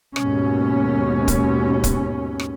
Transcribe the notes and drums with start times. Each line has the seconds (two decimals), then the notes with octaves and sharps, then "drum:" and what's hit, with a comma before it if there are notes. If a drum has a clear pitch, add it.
0.16 D#2 G#2 B2 C#4, drum: rim click
1.28 drum: kick, hi-hat
1.84 drum: kick, hi-hat
2.40 drum: rim click